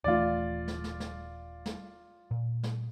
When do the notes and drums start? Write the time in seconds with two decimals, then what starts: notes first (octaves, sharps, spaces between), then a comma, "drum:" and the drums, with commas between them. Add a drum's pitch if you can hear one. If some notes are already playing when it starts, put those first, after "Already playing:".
0.04 D#1 E3 A3 F4 D5
0.68 drum: snare
0.84 drum: snare
1.00 drum: snare
1.66 drum: snare
2.31 A#2
2.63 drum: snare